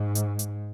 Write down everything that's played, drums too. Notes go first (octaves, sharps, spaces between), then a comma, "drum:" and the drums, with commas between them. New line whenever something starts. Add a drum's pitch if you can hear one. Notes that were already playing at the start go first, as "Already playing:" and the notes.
Already playing: G#2
drum: hi-hat
drum: hi-hat